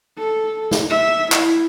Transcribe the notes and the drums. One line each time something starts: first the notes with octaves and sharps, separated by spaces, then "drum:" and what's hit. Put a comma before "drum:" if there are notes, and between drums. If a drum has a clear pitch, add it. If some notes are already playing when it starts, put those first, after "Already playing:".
A4
drum: snare
E5
E4, drum: clap